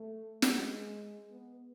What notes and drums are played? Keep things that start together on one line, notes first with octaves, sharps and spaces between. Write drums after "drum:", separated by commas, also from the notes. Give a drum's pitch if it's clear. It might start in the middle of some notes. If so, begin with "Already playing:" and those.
Already playing: A3
G#3, drum: snare
B3